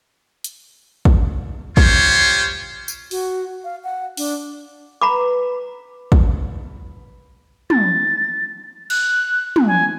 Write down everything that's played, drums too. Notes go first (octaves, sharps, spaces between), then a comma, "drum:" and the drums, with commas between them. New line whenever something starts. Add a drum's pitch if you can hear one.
drum: hi-hat
drum: kick
F4 G4 C5 C#5, drum: kick
drum: tambourine
F#4, drum: open hi-hat
F5
F#5
D4, drum: open hi-hat
B4 A#5 B5 D6
drum: kick
A6, drum: tom
F#6, drum: cymbal
drum: tom
G#5